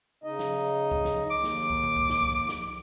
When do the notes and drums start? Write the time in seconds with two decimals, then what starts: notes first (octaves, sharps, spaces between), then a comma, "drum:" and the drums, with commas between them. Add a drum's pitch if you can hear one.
0.24 C#3 D#4 D#5
0.39 drum: snare
0.91 drum: kick C2
1.05 drum: snare
1.31 D#2 D6
1.44 drum: snare
1.70 drum: kick C2
1.83 drum: tom A#2
1.96 drum: kick C2
2.09 drum: snare
2.22 drum: kick C2
2.49 drum: snare